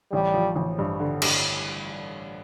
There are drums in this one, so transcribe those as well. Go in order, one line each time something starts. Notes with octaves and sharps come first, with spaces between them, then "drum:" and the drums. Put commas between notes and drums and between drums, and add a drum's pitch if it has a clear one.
A1 G3
F3
A1
G2
D3
G2, drum: cymbal